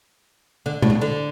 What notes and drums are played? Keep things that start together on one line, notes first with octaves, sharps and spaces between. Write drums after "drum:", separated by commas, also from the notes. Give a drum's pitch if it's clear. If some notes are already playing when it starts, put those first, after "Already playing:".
D3
A2, drum: tom B2
B2
D3